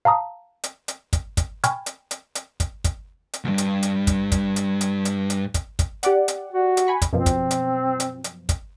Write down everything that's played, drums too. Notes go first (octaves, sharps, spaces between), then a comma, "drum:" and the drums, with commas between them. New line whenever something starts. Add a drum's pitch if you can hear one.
F5 A5 A#5 D#6
drum: hi-hat
drum: hi-hat
drum: kick, hi-hat
drum: kick, hi-hat
G5 G#5 B5 C#6 F6 G#6, drum: hi-hat
drum: hi-hat
drum: hi-hat
drum: hi-hat
drum: kick, hi-hat
drum: kick, hi-hat
drum: hi-hat
D2 G2
drum: hi-hat
drum: hi-hat
drum: kick, hi-hat
drum: kick, hi-hat
drum: hi-hat
drum: hi-hat
drum: hi-hat
drum: hi-hat
drum: kick, hi-hat
drum: kick, hi-hat
G4 D5 F#5, drum: hi-hat
drum: hi-hat
F#4
drum: hi-hat
G#5 B5 C#6
drum: kick, hi-hat
F#2 B2 F3 C4
drum: kick, hi-hat
drum: hi-hat
drum: hi-hat
drum: hi-hat
drum: kick, hi-hat